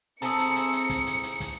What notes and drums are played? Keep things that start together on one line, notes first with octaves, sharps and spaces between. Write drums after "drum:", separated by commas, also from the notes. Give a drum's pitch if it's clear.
C4 E4 G#4 A4 A#5 D#6 C#7, drum: hi-hat
drum: hi-hat
drum: hi-hat
drum: hi-hat
drum: kick, hi-hat
drum: hi-hat
drum: hi-hat
drum: kick, hi-hat